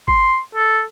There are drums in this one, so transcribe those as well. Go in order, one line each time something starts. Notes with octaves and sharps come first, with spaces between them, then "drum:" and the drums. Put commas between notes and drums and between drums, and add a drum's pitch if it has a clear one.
C6, drum: kick G1
A4